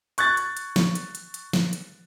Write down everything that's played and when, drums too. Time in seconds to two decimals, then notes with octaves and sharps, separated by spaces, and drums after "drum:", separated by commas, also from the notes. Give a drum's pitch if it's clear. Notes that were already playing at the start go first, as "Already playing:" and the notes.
0.18 C#6 F#6 G#6 A6, drum: hi-hat
0.37 drum: hi-hat
0.57 drum: hi-hat
0.76 drum: snare
0.95 drum: hi-hat
1.15 drum: hi-hat
1.34 drum: hi-hat
1.53 drum: snare
1.73 drum: hi-hat